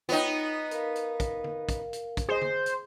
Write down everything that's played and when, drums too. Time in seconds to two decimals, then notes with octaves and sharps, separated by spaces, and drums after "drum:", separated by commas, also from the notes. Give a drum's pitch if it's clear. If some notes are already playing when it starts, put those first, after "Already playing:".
0.09 B3 D#4 F4 C#5 G5
0.71 A#4 F5, drum: hi-hat
0.96 drum: hi-hat
1.20 drum: kick, hi-hat
1.44 drum: tom
1.69 drum: kick, hi-hat
1.93 drum: hi-hat
2.17 drum: kick, hi-hat
2.29 G#4 C5 D#5
2.42 drum: tom
2.66 drum: hi-hat